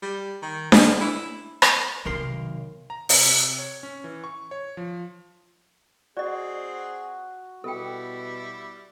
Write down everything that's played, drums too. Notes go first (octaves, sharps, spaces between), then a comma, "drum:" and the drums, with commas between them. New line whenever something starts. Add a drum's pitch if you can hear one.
G3
D#3
C#4, drum: snare D4
E4
drum: rim click
B1 C3 D#3 A#4 C6
A#5
C3, drum: open hi-hat
C3
C#5
C#4
E3
C#6
C#5
F3
C4 F#4 G#4 D5 D#5
B2 G3 E4 A4 G5